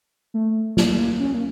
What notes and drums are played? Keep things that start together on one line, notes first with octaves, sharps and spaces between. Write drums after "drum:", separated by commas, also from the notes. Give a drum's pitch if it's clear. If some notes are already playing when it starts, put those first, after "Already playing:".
A3
A#3, drum: snare
C#4
A#3